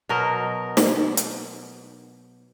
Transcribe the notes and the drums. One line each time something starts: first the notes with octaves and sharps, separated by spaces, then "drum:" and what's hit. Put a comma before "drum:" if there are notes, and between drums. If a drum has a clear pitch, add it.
B2 F#3 A#4 D#5
drum: snare
drum: hi-hat